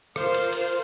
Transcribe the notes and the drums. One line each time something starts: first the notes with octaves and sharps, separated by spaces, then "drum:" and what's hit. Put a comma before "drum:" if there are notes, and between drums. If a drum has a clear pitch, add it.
F4 A#4 C5 F5, drum: rim click
drum: cymbal
drum: cymbal